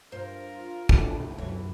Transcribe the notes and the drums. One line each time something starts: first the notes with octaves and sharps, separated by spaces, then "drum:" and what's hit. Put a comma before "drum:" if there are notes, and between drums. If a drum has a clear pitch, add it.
G2 F4 A#4 C5
D4 E4 F4 A4, drum: kick
F#2 D3 E3 C#5